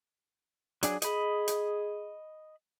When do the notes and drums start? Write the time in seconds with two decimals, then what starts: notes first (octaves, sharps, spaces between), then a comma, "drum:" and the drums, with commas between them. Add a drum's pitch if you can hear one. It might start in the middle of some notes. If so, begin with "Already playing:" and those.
0.83 F#3 D4 G#4, drum: hi-hat
1.02 G#4 D#5 B5, drum: hi-hat
1.48 drum: hi-hat